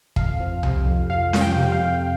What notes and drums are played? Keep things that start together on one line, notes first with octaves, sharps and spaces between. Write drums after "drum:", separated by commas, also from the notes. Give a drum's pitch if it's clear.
F2 F5, drum: kick
F3
C3, drum: tom C2
F2
F2 F5
F3, drum: snare C#4
G5
C3
F5
F2